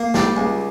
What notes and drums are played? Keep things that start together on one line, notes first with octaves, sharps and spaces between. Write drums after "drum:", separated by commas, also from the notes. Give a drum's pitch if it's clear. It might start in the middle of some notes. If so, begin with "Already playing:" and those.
Already playing: A#3
G3, drum: snare
C#2